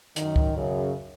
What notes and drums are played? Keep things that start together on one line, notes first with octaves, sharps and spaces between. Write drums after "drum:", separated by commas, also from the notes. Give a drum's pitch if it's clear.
F#2 D#3, drum: hi-hat
drum: kick C#2
F#2 C#3